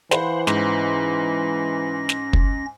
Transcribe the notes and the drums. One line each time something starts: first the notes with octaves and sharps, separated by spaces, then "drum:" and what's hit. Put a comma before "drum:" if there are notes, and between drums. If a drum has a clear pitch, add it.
E3 C5 F5 F#5 B5, drum: snare
G#2 C#4 A#6, drum: snare
drum: snare
drum: kick